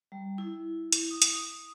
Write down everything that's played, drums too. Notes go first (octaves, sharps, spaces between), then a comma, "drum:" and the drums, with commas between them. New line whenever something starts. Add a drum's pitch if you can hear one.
G3
E4
drum: hi-hat
D#6
drum: hi-hat